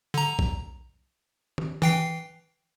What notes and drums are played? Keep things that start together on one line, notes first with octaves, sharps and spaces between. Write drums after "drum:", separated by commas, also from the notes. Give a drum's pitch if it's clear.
D3 A#5
drum: kick
drum: tom
E3 G5 C7, drum: tom